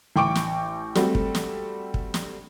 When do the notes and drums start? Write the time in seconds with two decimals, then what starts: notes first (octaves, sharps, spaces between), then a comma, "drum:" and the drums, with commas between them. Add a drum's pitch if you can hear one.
0.16 A1 G5 C#6 D6 D7
0.35 drum: snare
0.95 G3 A3 C4 F#4 A4, drum: snare
1.15 drum: kick
1.35 drum: snare
1.94 drum: kick
2.14 drum: snare